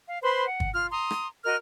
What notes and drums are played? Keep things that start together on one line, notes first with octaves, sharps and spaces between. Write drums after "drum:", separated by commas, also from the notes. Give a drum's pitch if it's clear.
F5
B4 C5 B5 C6
F#5
drum: kick
F4 F6
A#5 C6 D#6
drum: rim click
F#4 A#4 D#5 F6